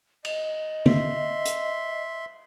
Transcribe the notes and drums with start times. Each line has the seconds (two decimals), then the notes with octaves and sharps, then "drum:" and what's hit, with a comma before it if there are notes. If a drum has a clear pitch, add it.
0.25 D#5, drum: cymbal
0.86 E5 C6, drum: tom D3
1.45 drum: hi-hat